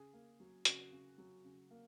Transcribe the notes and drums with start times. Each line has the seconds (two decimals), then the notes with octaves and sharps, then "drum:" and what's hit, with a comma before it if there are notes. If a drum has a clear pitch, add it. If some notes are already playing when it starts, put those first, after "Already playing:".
Already playing: C#3 G#4
0.13 A#3
0.40 F#3
0.65 C#3 F#4, drum: hi-hat
0.92 C#3
1.18 F#3
1.44 C#3
1.71 A#3